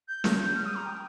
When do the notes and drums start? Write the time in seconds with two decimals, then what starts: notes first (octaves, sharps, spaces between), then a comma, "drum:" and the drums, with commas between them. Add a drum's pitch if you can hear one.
0.08 G6
0.24 drum: snare
0.55 F6
0.66 D#6
0.76 A#5
0.85 G5